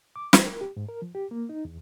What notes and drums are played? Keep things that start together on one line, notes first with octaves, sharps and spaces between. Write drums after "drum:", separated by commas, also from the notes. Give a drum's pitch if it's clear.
D6
C5, drum: snare
A#4
G4
G#2
A#4
F3
G4
A#3
D#4
E2